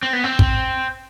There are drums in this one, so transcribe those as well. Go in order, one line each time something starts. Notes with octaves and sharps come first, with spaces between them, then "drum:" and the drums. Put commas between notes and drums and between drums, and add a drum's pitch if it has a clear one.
C4
B3
C4
drum: kick